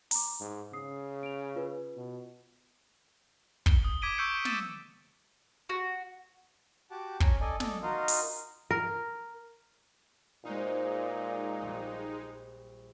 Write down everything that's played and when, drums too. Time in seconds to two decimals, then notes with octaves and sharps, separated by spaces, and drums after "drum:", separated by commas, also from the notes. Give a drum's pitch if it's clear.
0.11 A#5 D6, drum: open hi-hat
0.41 G#2
0.73 C#3 D#6 C7
1.23 D7 F7
1.56 F4 B4
1.97 B2
3.66 G7, drum: kick
3.84 D#6
4.02 D6 G#6 B6 D7 D#7 G7
4.18 C#6 E6 G6 C#7 D7
4.45 E6 A6 D#7 E7, drum: snare
5.69 F#4
6.91 F#4 G4 F#5 A5 D6
7.20 C#4 G#5 A#5, drum: kick
7.41 A4 D5 D#5 G#5
7.60 A4 D5 D#5, drum: snare
7.83 D#4 F4 F#4 A#4 D#5 F5
8.08 drum: open hi-hat
8.71 A#4
10.45 A#2 G#3 D#4 F4 F#4 C5
11.61 A#1 G3